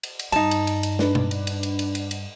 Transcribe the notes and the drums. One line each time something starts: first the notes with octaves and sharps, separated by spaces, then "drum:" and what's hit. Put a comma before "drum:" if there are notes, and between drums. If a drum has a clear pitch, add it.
drum: cymbal
drum: cymbal
G2 D#4 A5, drum: cymbal
drum: cymbal
drum: cymbal
drum: cymbal
D4 B4, drum: snare
drum: tom B2
drum: cymbal
drum: cymbal
drum: cymbal
drum: cymbal
drum: cymbal
drum: cymbal